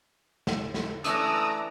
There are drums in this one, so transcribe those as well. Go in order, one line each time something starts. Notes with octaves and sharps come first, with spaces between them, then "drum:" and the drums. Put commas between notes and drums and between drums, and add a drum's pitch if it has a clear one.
drum: snare
drum: snare
E3 A3 C#4 D4 D5 A#5 D#6 E6, drum: hi-hat